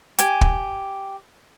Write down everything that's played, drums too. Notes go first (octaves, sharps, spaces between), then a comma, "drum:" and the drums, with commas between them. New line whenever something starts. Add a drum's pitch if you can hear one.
G4 G#5, drum: hi-hat
drum: kick